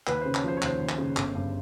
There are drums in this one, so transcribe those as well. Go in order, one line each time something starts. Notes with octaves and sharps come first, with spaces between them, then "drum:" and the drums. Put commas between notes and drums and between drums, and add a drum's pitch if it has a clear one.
D#2 B4, drum: clap
C#3 C5
C#5, drum: clap
F3 C5
C#5
D#2 C5, drum: clap
D#2
drum: clap
C#3
G1, drum: clap
G2